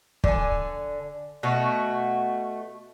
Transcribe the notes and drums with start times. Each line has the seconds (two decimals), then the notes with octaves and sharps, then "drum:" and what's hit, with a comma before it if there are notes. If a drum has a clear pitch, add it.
0.24 D3 A4 G#5, drum: kick
1.43 B2 A3 F#4